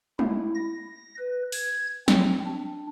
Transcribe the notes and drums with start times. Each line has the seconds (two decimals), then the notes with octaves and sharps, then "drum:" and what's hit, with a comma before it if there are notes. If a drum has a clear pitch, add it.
0.19 E4, drum: tom G3
0.55 A#6
1.18 B4
1.52 G#6, drum: open hi-hat
2.08 C4, drum: snare
2.46 D4